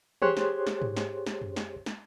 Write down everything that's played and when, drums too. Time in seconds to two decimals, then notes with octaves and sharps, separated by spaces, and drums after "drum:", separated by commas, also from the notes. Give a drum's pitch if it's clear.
0.22 G4 G#4 C5 C#5 C6 F#6, drum: tom E3
0.37 drum: snare
0.67 drum: snare
0.82 drum: tom G#2
0.97 drum: snare
1.26 drum: snare
1.41 drum: tom F#2
1.56 drum: snare
1.86 drum: snare